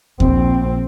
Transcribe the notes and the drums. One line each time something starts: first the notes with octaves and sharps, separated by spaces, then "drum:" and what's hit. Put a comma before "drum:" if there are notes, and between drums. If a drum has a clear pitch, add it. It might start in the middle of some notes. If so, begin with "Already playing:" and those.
A#1 C4, drum: kick D#2